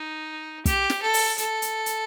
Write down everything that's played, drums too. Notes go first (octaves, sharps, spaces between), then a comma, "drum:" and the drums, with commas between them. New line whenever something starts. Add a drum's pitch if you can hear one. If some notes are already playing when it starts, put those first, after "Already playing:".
Already playing: D#4
G4, drum: kick, hi-hat
drum: snare
A4
drum: open hi-hat
A4, drum: hi-hat
drum: hi-hat
drum: hi-hat